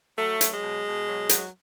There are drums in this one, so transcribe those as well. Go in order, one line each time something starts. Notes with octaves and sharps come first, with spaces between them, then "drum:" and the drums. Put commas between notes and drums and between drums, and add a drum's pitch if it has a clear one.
F#3 A3
F#3, drum: hi-hat
G#3
B2
B2
F#3
F#3, drum: hi-hat